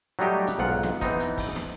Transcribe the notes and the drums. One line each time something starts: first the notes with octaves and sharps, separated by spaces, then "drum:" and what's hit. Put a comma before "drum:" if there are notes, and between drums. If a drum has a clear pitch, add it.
F#3 G3 A3 D#4 G4
drum: hi-hat
B1 G#2 F4 F#5
drum: snare
E3 B3 C4 D#4, drum: kick, hi-hat
drum: hi-hat
drum: kick, open hi-hat
drum: snare